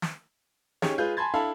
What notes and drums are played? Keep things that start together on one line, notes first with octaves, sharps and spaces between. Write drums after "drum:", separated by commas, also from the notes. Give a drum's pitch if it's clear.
drum: snare
C#4 D#4 G4 G#4 C#5, drum: snare
G#3 F4 G#4 B4 G6
G#5 A5 B5 C6 G#6 A6
D4 E4 A4 F5 A5 B5